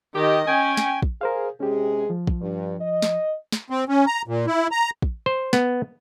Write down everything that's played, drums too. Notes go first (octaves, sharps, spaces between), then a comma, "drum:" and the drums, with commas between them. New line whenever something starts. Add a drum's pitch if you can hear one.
D#3 G4 D#5
C#4 G5 G#5
drum: snare
drum: kick
G#4 A#4 C5 F5
C3 G#3 C#4 G4 G#4
F3
drum: kick
G2
D#5
drum: snare
drum: snare
C4
C#4
A#5
A#2
E4
A#5
drum: kick
C5
B3, drum: snare